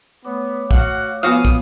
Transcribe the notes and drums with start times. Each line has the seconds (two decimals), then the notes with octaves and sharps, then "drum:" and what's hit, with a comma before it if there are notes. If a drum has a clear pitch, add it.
0.25 A3 B3 C#5 D6
0.71 F#4 F5 F#5, drum: kick
1.23 F3 B3 F#4 F5 G#5 D#6
1.45 drum: kick